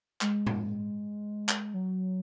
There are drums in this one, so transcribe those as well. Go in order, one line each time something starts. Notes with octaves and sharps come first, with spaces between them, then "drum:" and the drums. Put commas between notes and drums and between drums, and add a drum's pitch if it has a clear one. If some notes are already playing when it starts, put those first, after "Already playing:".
G#3, drum: clap
drum: tom
drum: clap
F#3